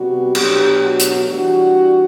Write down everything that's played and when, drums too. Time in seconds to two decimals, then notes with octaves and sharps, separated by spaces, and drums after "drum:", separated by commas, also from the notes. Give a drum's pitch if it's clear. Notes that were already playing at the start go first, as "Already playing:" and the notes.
Already playing: C3 G3 B3 F#4
0.35 B2 F#3 A3 D4 G4, drum: cymbal
0.81 F#4
1.00 drum: hi-hat
1.26 E3 G3 D4 F#4